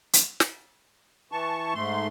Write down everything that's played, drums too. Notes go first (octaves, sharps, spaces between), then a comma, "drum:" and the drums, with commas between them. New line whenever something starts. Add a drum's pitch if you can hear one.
drum: hi-hat
drum: snare
E3 A5 C#6
G#2 A3 C6